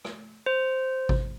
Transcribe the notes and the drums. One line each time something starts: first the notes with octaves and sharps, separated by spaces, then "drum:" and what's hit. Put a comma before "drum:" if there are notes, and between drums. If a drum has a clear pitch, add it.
drum: rim click
C5
drum: kick G#1